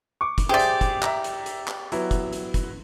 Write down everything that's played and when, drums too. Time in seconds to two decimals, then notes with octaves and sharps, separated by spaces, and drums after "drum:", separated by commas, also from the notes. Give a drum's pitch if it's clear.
0.21 C#6 D6
0.38 drum: kick, hi-hat
0.49 G4 G#4 C5 D5 E5
0.59 drum: hi-hat
0.81 drum: kick, hi-hat
1.03 E5 A#5, drum: clap
1.24 drum: hi-hat
1.46 drum: hi-hat
1.68 drum: clap
1.92 F#3 B3 E4, drum: hi-hat
2.11 drum: kick, hi-hat
2.33 drum: hi-hat
2.54 drum: kick, hi-hat